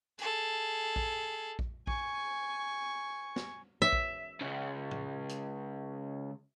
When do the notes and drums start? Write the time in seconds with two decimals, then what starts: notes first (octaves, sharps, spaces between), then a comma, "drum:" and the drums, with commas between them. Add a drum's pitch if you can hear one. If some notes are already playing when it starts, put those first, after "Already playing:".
0.19 G#4 A4, drum: hi-hat
0.96 drum: kick A#1
1.59 drum: kick A#1
1.87 G#5 C#6, drum: kick A#1
3.36 drum: snare
3.82 E5
3.93 drum: kick A#1
4.41 C#2 C#3
4.91 drum: tom
5.29 drum: hi-hat